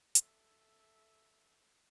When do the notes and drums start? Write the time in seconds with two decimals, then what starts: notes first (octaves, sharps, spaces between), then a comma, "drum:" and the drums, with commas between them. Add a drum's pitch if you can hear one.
0.15 A4 E5, drum: hi-hat